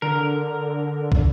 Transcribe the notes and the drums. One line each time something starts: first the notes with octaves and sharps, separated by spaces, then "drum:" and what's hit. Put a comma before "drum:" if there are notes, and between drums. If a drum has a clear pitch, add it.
D3 A#4
drum: kick